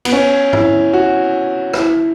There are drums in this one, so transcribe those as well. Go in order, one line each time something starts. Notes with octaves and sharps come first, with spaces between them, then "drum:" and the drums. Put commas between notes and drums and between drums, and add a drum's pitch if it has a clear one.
B3, drum: cymbal
C#4
E4, drum: tom G#2
F#4
E4, drum: rim click